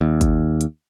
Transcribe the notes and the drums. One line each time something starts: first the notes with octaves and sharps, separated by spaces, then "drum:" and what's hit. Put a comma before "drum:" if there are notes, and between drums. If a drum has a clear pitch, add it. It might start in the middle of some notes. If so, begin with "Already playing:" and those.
D#2
drum: kick, hi-hat
drum: hi-hat